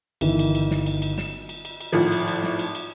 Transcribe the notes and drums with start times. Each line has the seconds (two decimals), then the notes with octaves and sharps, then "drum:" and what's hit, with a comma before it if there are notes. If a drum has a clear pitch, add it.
0.21 G1 D#3 E3, drum: cymbal
0.39 drum: cymbal
0.55 drum: cymbal
0.71 drum: snare
0.86 drum: cymbal
1.02 drum: cymbal
1.18 E7, drum: snare
1.49 drum: cymbal
1.65 drum: cymbal
1.81 drum: cymbal
1.92 G#1 A2 F3
2.12 drum: cymbal
2.28 drum: cymbal
2.43 drum: snare
2.59 drum: cymbal
2.75 drum: cymbal